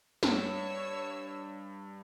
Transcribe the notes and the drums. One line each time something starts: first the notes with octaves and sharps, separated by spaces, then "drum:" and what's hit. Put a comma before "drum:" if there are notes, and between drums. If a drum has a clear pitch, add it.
G2 C#5 E6, drum: snare